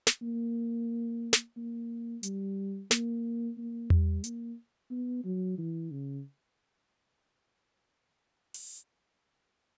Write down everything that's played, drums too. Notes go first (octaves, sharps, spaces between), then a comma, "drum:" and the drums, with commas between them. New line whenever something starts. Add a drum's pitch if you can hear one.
drum: snare
A#3
drum: snare
A#3
G3, drum: hi-hat
A#3, drum: snare
A#3
G3, drum: tom E2
A#3, drum: hi-hat
B3
F#3
E3
C#3
drum: open hi-hat